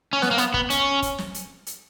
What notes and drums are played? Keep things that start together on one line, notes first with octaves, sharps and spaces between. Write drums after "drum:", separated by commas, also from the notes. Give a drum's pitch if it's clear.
C#4
B3, drum: snare
A#3
B3, drum: hi-hat
B3, drum: kick
C#4, drum: hi-hat
drum: kick, hi-hat
drum: snare
drum: hi-hat
drum: hi-hat